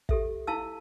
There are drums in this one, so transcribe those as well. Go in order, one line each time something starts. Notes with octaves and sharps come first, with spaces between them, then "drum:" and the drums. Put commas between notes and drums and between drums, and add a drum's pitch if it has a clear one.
G4 A4 E5, drum: kick
E4 F5 A5 E6